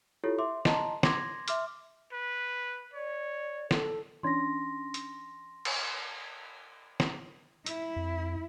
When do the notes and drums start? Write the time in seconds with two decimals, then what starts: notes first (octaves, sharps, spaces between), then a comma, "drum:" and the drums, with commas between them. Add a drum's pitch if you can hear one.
0.24 E4 F4 G4 A4 C#5
0.39 E5 C6 D6
0.65 D#5 A5 A#5 C6, drum: snare
1.03 C6 D6 G#6 A#6, drum: snare
1.48 E5 C6 D6 F6, drum: hi-hat
2.13 B4
2.94 C#5 D5
3.71 A4, drum: snare
4.23 E3 C#4 D4 C6 A#6
4.94 drum: hi-hat
5.65 drum: cymbal
7.00 drum: snare
7.66 E4, drum: hi-hat
7.96 F2